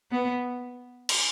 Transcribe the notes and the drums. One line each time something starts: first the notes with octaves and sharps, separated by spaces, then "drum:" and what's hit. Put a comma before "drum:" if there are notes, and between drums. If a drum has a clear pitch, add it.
B3
drum: cymbal